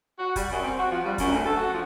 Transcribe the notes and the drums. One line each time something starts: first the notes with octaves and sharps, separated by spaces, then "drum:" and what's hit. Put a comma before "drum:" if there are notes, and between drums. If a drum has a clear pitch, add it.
F#4
G3, drum: kick, hi-hat
F#2
C4
F#4
F3
G3
F#2, drum: kick, hi-hat
D2
A4
F#4
F3